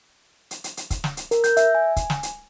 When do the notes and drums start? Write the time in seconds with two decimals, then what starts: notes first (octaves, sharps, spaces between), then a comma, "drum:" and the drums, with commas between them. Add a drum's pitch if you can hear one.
0.51 drum: hi-hat
0.64 drum: hi-hat
0.77 drum: hi-hat
0.90 drum: kick, hi-hat
1.04 drum: snare
1.17 drum: hi-hat
1.31 A#4, drum: hi-hat
1.44 G6, drum: hi-hat
1.57 E5, drum: hi-hat
1.75 G#5
1.96 drum: kick, hi-hat
2.10 drum: snare
2.23 drum: hi-hat